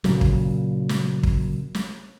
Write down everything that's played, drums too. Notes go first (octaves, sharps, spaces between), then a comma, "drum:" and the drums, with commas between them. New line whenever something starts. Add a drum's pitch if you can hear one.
A#2 C#3 F#3, drum: snare
drum: kick
drum: snare
drum: kick
drum: snare